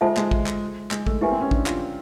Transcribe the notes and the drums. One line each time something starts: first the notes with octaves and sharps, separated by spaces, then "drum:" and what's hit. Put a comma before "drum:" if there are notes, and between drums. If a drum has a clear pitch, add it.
G#3 F4 A4 C5 E5 A5
G#3, drum: clap
drum: kick
drum: clap
G#3, drum: clap
A3, drum: kick
A#3 E4 G4 B4 E5 G#5
C4
C#4
D4, drum: kick
F4, drum: clap